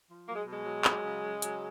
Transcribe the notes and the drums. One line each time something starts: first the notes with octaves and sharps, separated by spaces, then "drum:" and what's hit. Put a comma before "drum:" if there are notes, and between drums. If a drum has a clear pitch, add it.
F3
F#3 A#3
G#3
B2 G#3
F#3
F#3, drum: clap
C#3
C#3
F#3, drum: hi-hat